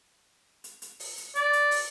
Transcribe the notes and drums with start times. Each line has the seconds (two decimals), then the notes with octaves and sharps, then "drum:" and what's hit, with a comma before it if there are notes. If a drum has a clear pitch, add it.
0.64 drum: hi-hat
0.82 drum: hi-hat
1.00 drum: open hi-hat
1.17 drum: hi-hat
1.35 D5, drum: hi-hat
1.53 drum: hi-hat
1.71 drum: open hi-hat